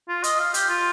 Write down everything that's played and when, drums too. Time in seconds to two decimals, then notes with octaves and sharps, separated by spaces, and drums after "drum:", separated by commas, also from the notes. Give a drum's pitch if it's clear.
0.08 F4
0.24 D#5, drum: hi-hat
0.39 F5
0.54 G4, drum: hi-hat
0.69 F4